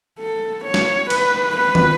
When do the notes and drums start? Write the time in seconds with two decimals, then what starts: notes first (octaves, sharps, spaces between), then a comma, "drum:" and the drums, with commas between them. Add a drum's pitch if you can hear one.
0.19 A4
0.64 C#5
0.74 drum: snare
1.10 B4, drum: cymbal
1.57 B4
1.75 drum: tom